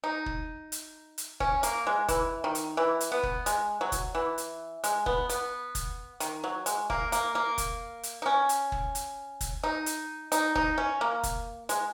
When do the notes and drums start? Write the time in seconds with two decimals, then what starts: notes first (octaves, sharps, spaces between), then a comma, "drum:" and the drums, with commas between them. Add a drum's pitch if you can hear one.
0.04 D#4
0.26 drum: kick
0.72 drum: hi-hat
1.18 drum: hi-hat
1.40 C#4, drum: kick
1.63 A#3, drum: hi-hat
1.87 G#3
2.08 E3, drum: kick, hi-hat
2.44 D#3
2.55 drum: hi-hat
2.77 E3
3.01 drum: hi-hat
3.12 B3
3.23 drum: kick
3.46 G#3, drum: hi-hat
3.81 F#3
3.92 drum: kick, hi-hat
4.15 E3
4.38 drum: hi-hat
4.84 G#3, drum: hi-hat
5.06 B3, drum: kick
5.29 B3, drum: hi-hat
5.75 drum: kick, hi-hat
6.20 D#3, drum: hi-hat
6.44 F#3
6.66 G#3, drum: hi-hat
6.90 A#3, drum: kick
7.12 A#3, drum: hi-hat
7.35 A#3
7.58 drum: kick, hi-hat
8.03 drum: hi-hat
8.22 D#4
8.26 C#4
8.49 drum: hi-hat
8.72 drum: kick
8.95 drum: hi-hat
9.41 drum: kick, hi-hat
9.63 D#4
9.86 drum: hi-hat
10.32 D#4, drum: hi-hat
10.55 D#4, drum: kick
10.78 C#4
11.01 A#3
11.23 drum: kick, hi-hat
11.69 G#3, drum: hi-hat